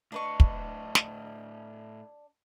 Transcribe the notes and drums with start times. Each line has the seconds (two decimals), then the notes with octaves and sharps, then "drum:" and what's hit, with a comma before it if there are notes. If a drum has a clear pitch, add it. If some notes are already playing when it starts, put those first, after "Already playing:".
0.12 A2 D4 B4 D#5 C#6
0.40 drum: kick
0.95 drum: snare